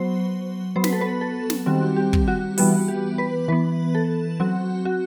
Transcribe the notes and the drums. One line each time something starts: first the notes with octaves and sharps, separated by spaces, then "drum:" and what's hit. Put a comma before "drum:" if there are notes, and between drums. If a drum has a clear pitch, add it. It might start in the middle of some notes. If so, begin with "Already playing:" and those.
Already playing: F#3 B3 C5
F#3 B3 C5
B4, drum: snare
A4
B4
A4
drum: snare
D#3 G3 C4 F#4
G4
drum: kick
F#4
E3 G3 B3 F#4, drum: open hi-hat
G4
B4
E3 B3 B4
A4
F#3 C4 F#4
F#4